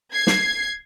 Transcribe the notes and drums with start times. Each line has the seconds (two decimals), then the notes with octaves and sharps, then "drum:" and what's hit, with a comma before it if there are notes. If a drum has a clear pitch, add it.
0.12 G#6 C7
0.27 drum: snare